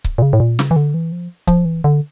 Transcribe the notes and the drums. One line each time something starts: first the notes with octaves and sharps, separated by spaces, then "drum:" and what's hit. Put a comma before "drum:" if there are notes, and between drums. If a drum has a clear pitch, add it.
drum: kick C#1
A#2
C#3
A2
A#2
C#3, drum: snare
E3
D3
E3
F3
F3, drum: kick C#1
E3
D3